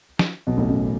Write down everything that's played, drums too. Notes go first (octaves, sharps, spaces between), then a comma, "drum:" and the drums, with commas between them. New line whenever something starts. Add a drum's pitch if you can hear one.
drum: snare
B1 B2
A1 A2
F#2